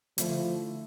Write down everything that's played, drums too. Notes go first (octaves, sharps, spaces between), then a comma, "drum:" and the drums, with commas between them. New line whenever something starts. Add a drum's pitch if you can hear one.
D3 F3 A3 E4, drum: hi-hat